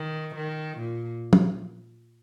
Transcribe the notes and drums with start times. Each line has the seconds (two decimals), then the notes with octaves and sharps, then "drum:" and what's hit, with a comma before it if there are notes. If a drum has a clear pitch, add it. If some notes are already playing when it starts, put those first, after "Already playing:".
Already playing: D#3
0.35 D#3
0.78 A#2
1.33 drum: tom